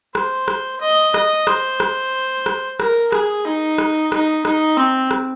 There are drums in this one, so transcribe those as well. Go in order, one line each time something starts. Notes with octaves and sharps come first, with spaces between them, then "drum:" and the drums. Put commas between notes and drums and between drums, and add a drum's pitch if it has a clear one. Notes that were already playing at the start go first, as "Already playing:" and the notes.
C5, drum: rim click
drum: rim click
D#5
D#5, drum: rim click
C5, drum: rim click
drum: rim click
drum: rim click
A#4, drum: rim click
G#4, drum: rim click
D#4
drum: rim click
D#4, drum: rim click
D#4, drum: rim click
C4
drum: rim click